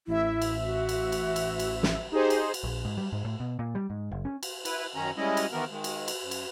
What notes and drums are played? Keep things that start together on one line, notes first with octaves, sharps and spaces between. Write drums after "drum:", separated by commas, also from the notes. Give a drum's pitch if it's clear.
A1 E4 E5
drum: cymbal
F#4
drum: cymbal
drum: cymbal
drum: cymbal
drum: cymbal
drum: snare
D#4 G4 G#4 C5
drum: cymbal
drum: cymbal
A#1
G#2
G3
G#2
A2
B2
A#2
G3
G#2
F#1
C#4
drum: cymbal
E4 B4, drum: cymbal
F#2 D#3 C#4 A#5
G3 G#3 C#4 E4 D#5
drum: cymbal
D#3 E3 B3 A#4
D#3 G#3
drum: cymbal
drum: cymbal
F#2
drum: cymbal